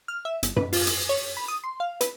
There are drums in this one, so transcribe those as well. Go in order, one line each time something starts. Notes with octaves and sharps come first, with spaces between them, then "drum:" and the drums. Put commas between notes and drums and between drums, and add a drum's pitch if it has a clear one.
F6
E5
G1, drum: hi-hat
B4, drum: tom F#2
F4, drum: open hi-hat
drum: hi-hat
C#5
B5
D#6
C6
F5
B4, drum: hi-hat